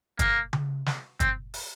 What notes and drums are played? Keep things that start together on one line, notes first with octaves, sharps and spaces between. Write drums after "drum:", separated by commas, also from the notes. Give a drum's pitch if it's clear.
A#3, drum: kick, hi-hat
drum: tom C#3
drum: snare
C4, drum: kick, hi-hat
drum: open hi-hat